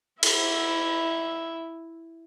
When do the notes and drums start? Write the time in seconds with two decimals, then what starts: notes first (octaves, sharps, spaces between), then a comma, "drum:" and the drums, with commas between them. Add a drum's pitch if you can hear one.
0.23 E4 E5, drum: cymbal